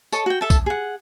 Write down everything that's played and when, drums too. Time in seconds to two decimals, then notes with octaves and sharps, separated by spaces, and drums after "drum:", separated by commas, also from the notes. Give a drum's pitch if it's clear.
0.12 A4 C#5 D#5 A5, drum: tambourine
0.26 F#4 G5
0.41 A4 E5 A5
0.50 drum: kick, tambourine
0.66 G#4 F#5